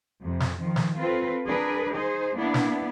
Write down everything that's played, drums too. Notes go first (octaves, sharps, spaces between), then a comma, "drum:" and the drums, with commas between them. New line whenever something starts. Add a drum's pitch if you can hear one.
F2 C3
drum: snare
D#3 F3
drum: snare
C4 F4 A4 B4
D4 G#4 A#4 B4
D#4 G#4 C5
A#3 B3 D4 E4
drum: snare